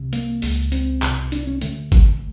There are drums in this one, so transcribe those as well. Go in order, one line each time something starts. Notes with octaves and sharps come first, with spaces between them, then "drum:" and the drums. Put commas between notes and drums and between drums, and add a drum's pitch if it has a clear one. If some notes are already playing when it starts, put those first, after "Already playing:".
Already playing: C2 C3
A#3, drum: hi-hat
C#2 C#3, drum: open hi-hat
C4, drum: hi-hat
C2 B2, drum: clap
D4, drum: hi-hat
C#4
D2 D3 A3, drum: hi-hat
drum: kick, hi-hat